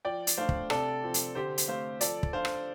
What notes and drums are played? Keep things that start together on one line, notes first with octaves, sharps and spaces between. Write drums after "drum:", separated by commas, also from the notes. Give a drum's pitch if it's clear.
F3 D5 G5
drum: hi-hat
A3 D4 C5 F5
drum: kick
C3 A4 D5, drum: rim click
F3 C4
drum: hi-hat
D3 G4 C5
drum: hi-hat
A3 C4 C5 F5
F3 A4 D5, drum: hi-hat
drum: kick
D4 C5 F5
drum: rim click